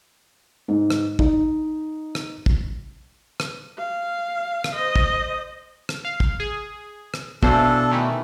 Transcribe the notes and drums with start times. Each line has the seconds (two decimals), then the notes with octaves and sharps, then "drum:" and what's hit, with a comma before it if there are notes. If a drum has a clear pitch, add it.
0.68 G#2
0.90 drum: rim click
1.19 D#4, drum: kick
2.15 drum: rim click
2.46 drum: kick
3.40 drum: rim click
3.78 F5
4.64 drum: rim click
4.75 C5 D#5
4.96 drum: kick
5.89 drum: rim click
6.05 F5
6.20 drum: kick
6.40 G#4
7.14 drum: rim click
7.43 B2 E3 B3 D4 A4 C5, drum: kick
7.91 D#3 E3 A3